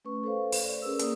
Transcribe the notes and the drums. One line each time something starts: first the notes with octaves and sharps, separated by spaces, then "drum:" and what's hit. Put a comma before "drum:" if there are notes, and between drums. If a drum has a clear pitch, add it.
A3 C#4 B4 C#6
A4 B4 C5 F5
drum: open hi-hat
D5
C#4 G#4 A#4 B4 E6
A#3 G#4 D5 D#6, drum: hi-hat